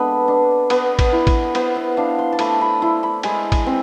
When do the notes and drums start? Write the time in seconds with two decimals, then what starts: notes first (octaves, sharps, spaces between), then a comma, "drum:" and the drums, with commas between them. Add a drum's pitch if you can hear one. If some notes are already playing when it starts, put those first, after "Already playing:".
Already playing: G#3 B3 D4 A4 B4 D5
0.28 D4
0.70 B3, drum: cymbal
0.99 drum: kick A1, cymbal
1.13 E4
1.27 drum: kick A1, cymbal
1.55 B3 C5, drum: cymbal
1.75 E5
1.97 D4 F5
2.19 C6
2.32 A5
2.39 A3 B5, drum: cymbal
2.61 B5
2.82 E4 C6
3.03 B5
3.23 G#3 G#5, drum: cymbal
3.52 drum: kick A1, cymbal
3.66 C4